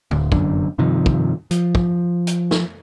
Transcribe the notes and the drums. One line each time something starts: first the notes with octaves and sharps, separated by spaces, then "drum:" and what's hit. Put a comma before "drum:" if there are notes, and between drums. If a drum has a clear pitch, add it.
D1 D2, drum: tom
F1 F#2 D3, drum: kick
G2 C3 D#3 F3
drum: kick
F3, drum: hi-hat
drum: kick
drum: hi-hat
drum: snare